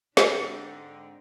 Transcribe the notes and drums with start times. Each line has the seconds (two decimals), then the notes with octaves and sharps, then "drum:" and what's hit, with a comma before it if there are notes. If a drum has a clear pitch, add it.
0.17 G#2 D3 C4 D4 D#4 C5 D5, drum: snare